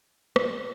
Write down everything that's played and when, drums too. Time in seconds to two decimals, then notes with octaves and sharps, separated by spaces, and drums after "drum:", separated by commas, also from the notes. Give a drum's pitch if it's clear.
0.36 A#2, drum: rim click